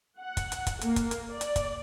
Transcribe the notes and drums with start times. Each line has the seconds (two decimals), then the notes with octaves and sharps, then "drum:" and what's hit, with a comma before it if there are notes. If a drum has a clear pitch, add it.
0.19 F#5
0.37 drum: kick, hi-hat
0.52 drum: hi-hat
0.67 drum: kick, hi-hat
0.81 A#3, drum: hi-hat
0.96 drum: kick, hi-hat
1.11 drum: hi-hat
1.31 D5
1.41 drum: hi-hat
1.56 drum: kick, hi-hat